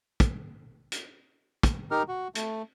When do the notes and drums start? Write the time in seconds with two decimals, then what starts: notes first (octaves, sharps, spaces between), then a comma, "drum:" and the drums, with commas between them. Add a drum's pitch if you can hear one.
0.20 drum: kick, hi-hat
0.92 drum: hi-hat
1.63 drum: kick, hi-hat
1.91 D#4 G4 A#4 F6
2.08 F#4
2.35 A3, drum: hi-hat